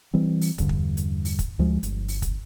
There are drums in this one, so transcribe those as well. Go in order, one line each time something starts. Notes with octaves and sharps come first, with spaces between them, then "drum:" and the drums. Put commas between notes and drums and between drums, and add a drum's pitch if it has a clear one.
E3 G3 C4
drum: open hi-hat
E2 G2 D3, drum: kick, hi-hat
drum: kick
drum: hi-hat
drum: open hi-hat
drum: kick, hi-hat
D2 F3 G#3
G1, drum: hi-hat
drum: open hi-hat
drum: kick, hi-hat